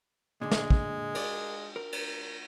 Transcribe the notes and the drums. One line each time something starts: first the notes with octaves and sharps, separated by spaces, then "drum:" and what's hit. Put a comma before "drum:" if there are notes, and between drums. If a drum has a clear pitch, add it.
A#2 D3 G#3
drum: snare
drum: kick
A#4 D5, drum: cymbal
A#4
drum: cymbal